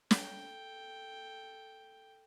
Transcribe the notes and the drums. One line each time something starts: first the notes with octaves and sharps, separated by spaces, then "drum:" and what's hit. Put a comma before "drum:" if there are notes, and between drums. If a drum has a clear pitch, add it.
A4 G5, drum: snare